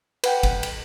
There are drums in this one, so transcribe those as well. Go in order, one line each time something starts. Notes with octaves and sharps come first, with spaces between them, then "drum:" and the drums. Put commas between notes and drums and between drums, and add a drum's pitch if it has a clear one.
B4 F#5 G5, drum: cymbal
drum: kick G1, cymbal
drum: cymbal